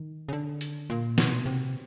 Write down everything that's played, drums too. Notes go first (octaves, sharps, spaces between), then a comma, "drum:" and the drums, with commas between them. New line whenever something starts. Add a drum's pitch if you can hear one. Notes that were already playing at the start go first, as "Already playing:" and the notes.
Already playing: D#3
C#3
D3
drum: hi-hat
A#2
B2, drum: snare
C3